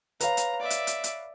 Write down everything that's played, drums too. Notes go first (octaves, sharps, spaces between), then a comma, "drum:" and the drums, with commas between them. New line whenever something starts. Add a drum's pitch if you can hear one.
B4 C#5 F5 A#5, drum: hi-hat
drum: hi-hat
D5 E5
drum: hi-hat
drum: hi-hat
drum: hi-hat